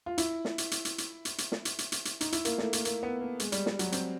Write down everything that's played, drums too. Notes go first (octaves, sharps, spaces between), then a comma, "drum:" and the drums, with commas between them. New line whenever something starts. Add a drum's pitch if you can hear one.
F4
E4, drum: hi-hat
drum: snare
drum: hi-hat
drum: hi-hat
drum: hi-hat
drum: hi-hat
drum: hi-hat
drum: hi-hat
drum: snare
drum: hi-hat
drum: hi-hat
drum: hi-hat
drum: hi-hat
D#4, drum: hi-hat
E4, drum: hi-hat
A#3, drum: hi-hat
A3, drum: snare
A#3, drum: hi-hat
A#3, drum: hi-hat
B3
A#3
G#3, drum: hi-hat
G3, drum: hi-hat
G3, drum: snare
F#3, drum: hi-hat
C4, drum: hi-hat